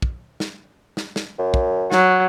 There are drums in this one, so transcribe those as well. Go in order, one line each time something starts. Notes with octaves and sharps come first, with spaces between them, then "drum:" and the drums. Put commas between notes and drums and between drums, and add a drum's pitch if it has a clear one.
drum: kick
drum: snare
drum: snare
drum: snare
F#2
drum: kick
F#3, drum: snare